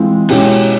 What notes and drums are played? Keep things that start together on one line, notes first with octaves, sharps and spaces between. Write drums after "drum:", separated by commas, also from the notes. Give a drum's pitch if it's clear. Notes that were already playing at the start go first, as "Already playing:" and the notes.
Already playing: E3 G#3 C4 F4
B2 G#3 C#4 E4 G4, drum: cymbal